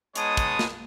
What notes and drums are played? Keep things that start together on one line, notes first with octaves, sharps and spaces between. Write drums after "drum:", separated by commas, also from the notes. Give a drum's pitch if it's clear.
G#3 B3 D#4 C#5 A5 D#6, drum: hi-hat
drum: kick, hi-hat
drum: snare